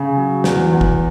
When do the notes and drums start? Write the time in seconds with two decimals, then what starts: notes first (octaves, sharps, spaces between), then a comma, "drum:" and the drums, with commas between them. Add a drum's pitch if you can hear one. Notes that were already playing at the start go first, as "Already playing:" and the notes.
Already playing: C#3
0.17 F#3
0.44 E2, drum: snare
0.72 E2
0.81 drum: kick